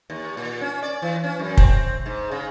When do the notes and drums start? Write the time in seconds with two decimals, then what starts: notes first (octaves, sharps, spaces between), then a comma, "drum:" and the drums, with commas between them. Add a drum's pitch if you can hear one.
0.10 D#2
0.37 A#2
0.61 C#4
0.82 D5
1.02 E3
1.24 C#4
1.39 F#2
1.57 C4, drum: kick
2.06 G#2
2.31 C#3